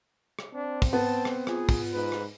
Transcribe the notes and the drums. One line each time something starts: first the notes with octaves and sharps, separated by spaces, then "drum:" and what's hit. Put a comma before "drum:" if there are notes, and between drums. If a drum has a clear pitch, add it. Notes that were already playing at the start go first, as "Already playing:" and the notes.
drum: rim click
C4 D4
drum: kick, open hi-hat
B3 A5
drum: rim click
F4 G#4, drum: rim click
drum: kick, open hi-hat
G#2 B4
drum: rim click